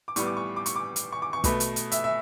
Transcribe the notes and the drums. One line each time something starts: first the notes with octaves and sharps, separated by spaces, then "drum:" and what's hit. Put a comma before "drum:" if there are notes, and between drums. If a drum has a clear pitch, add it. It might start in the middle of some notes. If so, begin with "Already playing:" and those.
D6
A2 G3 B3 C#6, drum: hi-hat
D6
C#6
D6
C#6, drum: hi-hat
D6
drum: hi-hat
C#6
D6
C#6
B2 A3 B5, drum: kick, hi-hat
drum: hi-hat
drum: hi-hat
E5, drum: hi-hat
E5